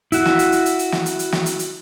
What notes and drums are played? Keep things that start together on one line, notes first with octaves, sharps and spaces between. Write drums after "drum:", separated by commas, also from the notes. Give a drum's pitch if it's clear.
E4 F#4, drum: hi-hat
drum: snare
drum: hi-hat
drum: hi-hat
drum: hi-hat
drum: hi-hat
drum: snare
drum: hi-hat
drum: hi-hat
drum: snare
drum: hi-hat
drum: hi-hat